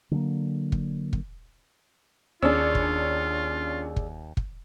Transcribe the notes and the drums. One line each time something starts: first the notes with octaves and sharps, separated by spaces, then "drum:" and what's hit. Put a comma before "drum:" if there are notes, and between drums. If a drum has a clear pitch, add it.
D3 F#3 A3 A#3
drum: kick
drum: kick
D#2 C#4 D4 F4 G#4 D5 E6
drum: kick
drum: kick
drum: kick